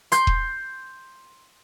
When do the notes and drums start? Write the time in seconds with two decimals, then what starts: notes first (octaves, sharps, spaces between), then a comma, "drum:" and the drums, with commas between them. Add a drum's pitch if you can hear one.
0.12 C6 G6, drum: hi-hat
0.27 drum: kick E1